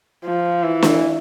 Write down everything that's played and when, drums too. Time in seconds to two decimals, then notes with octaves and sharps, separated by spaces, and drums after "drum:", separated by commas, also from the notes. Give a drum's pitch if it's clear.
0.25 F3
0.63 E3
0.82 drum: snare